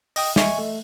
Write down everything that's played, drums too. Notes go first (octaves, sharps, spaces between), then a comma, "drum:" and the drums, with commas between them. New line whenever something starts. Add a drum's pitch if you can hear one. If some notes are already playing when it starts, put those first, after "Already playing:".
D#5 G5 D#6, drum: open hi-hat
D#5 E5 G#5 C#6, drum: snare
A3